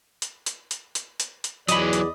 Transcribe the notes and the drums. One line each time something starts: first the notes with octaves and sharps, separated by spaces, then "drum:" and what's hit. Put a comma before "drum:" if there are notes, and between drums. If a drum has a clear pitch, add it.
drum: hi-hat
drum: hi-hat
drum: hi-hat
drum: hi-hat
drum: hi-hat
drum: hi-hat
E2 E3 F#3 D5 D#5 B5, drum: hi-hat
drum: hi-hat